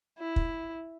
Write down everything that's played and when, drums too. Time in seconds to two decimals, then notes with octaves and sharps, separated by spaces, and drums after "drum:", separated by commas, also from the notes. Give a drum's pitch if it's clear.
0.19 E4
0.36 drum: kick